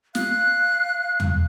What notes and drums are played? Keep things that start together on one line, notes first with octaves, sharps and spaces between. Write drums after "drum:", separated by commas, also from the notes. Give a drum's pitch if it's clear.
F5 F#6, drum: snare
drum: tom E2